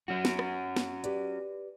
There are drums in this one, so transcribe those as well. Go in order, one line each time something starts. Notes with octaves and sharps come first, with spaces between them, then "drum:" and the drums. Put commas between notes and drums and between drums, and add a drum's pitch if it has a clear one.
F#3 C#4 F#4
drum: snare
drum: rim click
drum: snare
G4 B4 D5, drum: hi-hat